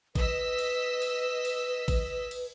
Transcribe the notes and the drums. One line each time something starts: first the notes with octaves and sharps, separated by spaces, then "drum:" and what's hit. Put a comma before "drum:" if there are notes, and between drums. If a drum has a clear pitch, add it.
B4 D#5 E6 B6, drum: kick G#1, cymbal
drum: cymbal
drum: cymbal
drum: cymbal
drum: kick G#1, cymbal
drum: cymbal